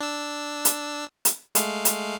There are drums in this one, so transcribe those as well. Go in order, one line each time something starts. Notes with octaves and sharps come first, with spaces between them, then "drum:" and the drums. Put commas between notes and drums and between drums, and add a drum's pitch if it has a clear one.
D4 E6
drum: hi-hat
drum: hi-hat
G#3 A3 F5, drum: hi-hat
drum: hi-hat